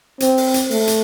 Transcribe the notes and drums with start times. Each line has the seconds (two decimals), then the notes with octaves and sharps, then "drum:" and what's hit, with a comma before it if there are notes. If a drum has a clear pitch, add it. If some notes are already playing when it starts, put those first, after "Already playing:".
0.20 C4, drum: hi-hat
0.37 drum: open hi-hat
0.54 drum: hi-hat
0.70 A3, drum: open hi-hat
0.87 drum: hi-hat